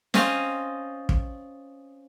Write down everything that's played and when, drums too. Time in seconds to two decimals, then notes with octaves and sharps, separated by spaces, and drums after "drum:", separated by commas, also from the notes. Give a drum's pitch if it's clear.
0.14 C4 C#4 F4 D#5, drum: snare
1.09 drum: kick